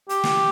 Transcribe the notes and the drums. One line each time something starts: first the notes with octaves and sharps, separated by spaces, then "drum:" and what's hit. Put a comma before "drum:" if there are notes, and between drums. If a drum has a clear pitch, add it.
G4, drum: hi-hat
drum: snare